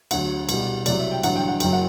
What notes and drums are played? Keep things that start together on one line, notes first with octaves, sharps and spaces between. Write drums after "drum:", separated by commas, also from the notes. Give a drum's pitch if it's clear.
D2 D3 F#3 F#5, drum: cymbal
C2 B2 G3, drum: cymbal
C2 C3 F#3 D5, drum: cymbal
E5
G5
A1 G2 D3 F#3 F#5, drum: cymbal
G5
F#5
F#1 F#2 F#3 G5, drum: cymbal
F#5